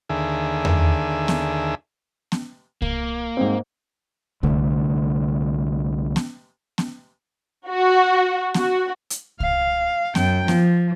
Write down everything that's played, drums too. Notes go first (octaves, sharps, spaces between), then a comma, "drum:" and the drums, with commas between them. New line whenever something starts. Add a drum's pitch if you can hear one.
D#2 D3 G#4 E5
drum: tom E2
drum: snare B3
drum: snare B3
A#3, drum: kick C2
G#2 C4
C2 D3 A3, drum: kick C2
drum: snare B3
drum: snare B3
F#4
F#4, drum: snare B3
drum: hi-hat
F5, drum: kick C2
F#2 G5, drum: snare B3
F3, drum: snare B3